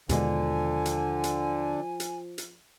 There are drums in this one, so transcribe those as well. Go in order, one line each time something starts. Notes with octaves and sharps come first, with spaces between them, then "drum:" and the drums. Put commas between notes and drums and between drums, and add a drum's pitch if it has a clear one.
D#2 B2 D3 F3 G#3 G#5, drum: hi-hat
drum: hi-hat
drum: hi-hat
drum: hi-hat
drum: hi-hat